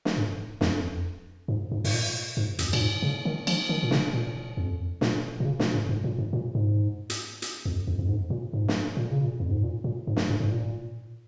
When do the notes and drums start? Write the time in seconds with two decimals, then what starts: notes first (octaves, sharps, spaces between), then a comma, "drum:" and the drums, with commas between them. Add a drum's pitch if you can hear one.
0.05 drum: snare
0.17 G#2
0.61 F2, drum: snare
1.48 G#2
1.72 G#2
1.84 G#2, drum: open hi-hat
1.93 A#2
2.37 G#2
2.59 F2, drum: hi-hat
2.73 A#2, drum: cymbal
2.81 G#2
3.02 C#3
3.25 D#3
3.47 F3, drum: cymbal
3.69 D#3
3.83 A#2
3.91 C#3, drum: snare
4.13 A#2
4.57 F2
5.01 A#2, drum: snare
5.40 A#2
5.45 C#3
5.60 A#2, drum: snare
5.74 G#2
5.89 G#2
6.04 A#2
6.18 G#2
6.33 A#2
6.55 G#2
7.10 drum: hi-hat
7.42 drum: hi-hat
7.65 F2
7.87 F2
7.99 F2
8.09 G#2
8.30 A#2
8.53 G#2
8.68 drum: snare
8.97 A#2
9.11 C#3
9.25 A#2
9.40 F2
9.51 G#2
9.63 A#2
9.84 A#2
10.07 G#2
10.17 drum: snare
10.29 G#2
10.40 G#2
10.51 A#2